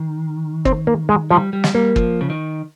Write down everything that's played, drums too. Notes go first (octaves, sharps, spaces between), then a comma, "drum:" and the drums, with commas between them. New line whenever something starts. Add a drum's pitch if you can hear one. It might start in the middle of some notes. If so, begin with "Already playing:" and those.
Already playing: D#3
C4, drum: kick
A#3
G#3
F3 G3
G3
drum: snare
G3 A#3
F3, drum: kick
C#3
D#3